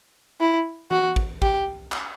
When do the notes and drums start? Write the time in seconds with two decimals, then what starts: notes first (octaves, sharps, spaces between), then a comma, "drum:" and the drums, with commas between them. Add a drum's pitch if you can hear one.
0.40 E4
0.91 F#4, drum: tom E3
1.16 drum: kick
1.42 G4, drum: kick
1.92 drum: clap